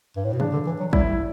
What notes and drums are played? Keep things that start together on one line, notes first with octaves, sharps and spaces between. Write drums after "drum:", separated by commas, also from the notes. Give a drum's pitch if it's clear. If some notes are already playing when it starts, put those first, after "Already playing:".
G2
A2
B2
C#3 D4, drum: tom D#3
D3
E3
F#3
G3 E4, drum: kick